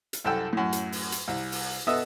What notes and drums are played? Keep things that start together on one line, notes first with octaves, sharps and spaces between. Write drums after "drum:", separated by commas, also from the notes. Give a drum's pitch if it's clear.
drum: hi-hat
C2 F#2 A4 G5 A5 E6
F#2 A2
drum: hi-hat
drum: open hi-hat
drum: hi-hat
C2
drum: open hi-hat
B2 B3 A4 D#5 E5 D#6